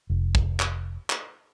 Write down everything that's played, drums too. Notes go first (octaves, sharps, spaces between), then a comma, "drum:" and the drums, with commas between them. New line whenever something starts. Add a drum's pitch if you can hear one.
F1
drum: kick
drum: clap
drum: clap